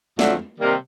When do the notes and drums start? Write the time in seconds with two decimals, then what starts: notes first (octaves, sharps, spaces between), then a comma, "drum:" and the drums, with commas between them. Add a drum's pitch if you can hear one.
0.19 F2 D3 F#3 A3 D4, drum: snare
0.60 C3 D#3 G3 A#3